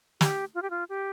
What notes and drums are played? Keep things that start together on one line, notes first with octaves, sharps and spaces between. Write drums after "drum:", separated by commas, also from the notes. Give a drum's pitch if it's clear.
G4, drum: snare
F4
G4
F4
G4